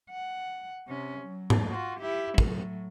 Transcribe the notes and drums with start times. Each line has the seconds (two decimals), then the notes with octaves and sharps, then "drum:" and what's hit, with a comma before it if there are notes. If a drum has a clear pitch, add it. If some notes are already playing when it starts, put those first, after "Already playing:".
0.10 F#5
0.87 C3 C#4
1.20 F#3
1.50 drum: tom G#2
1.69 F4 F#4
2.00 E4 G4
2.38 A2 F#3, drum: kick